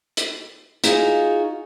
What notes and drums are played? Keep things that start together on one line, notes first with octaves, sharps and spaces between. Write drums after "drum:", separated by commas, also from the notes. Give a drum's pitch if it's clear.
drum: hi-hat
D#4 F4 F#4 G#4, drum: hi-hat